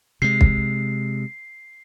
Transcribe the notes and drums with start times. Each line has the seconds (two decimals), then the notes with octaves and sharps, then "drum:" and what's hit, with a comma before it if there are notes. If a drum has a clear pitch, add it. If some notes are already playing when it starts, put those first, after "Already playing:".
0.22 C3 G#3 C7
0.41 drum: kick